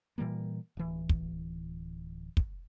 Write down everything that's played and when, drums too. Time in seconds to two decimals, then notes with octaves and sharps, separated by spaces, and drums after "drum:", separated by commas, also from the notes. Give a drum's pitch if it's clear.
0.18 A#2 E3 G3 A#3
0.77 D1 E3
1.09 drum: kick
2.37 drum: kick